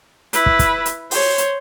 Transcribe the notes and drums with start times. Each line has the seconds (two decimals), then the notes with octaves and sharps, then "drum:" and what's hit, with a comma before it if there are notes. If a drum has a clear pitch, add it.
0.33 E4 B4, drum: hi-hat
0.46 drum: kick
0.59 drum: kick, hi-hat
0.86 drum: hi-hat
1.11 C5 C#5, drum: open hi-hat
1.38 drum: hi-hat